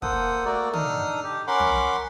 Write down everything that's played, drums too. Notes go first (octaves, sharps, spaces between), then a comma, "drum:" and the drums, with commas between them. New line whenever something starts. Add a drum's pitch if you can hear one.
A#3 A4 C5 F#5 D#6, drum: kick
A3 A#3 F#4 A4 A#4 D5
D4 D#4 A4 D#6 F6, drum: tom
G4
C#4 A#4 F#5 B5 C6 D6
drum: tom